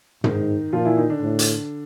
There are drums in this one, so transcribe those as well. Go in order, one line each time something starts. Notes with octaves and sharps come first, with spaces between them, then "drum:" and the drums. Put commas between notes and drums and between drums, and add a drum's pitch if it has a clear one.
G#2 D#3 D#4, drum: tom
A#2 F3 F4
E3 E4
D#3 D#4
D3 D4
A2
drum: hi-hat